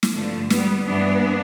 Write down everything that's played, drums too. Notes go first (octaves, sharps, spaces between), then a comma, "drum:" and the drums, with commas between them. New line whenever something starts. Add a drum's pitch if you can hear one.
drum: snare
G2 D3 F3 A3
G3 B3, drum: snare
G2 E3 G3 B3 D4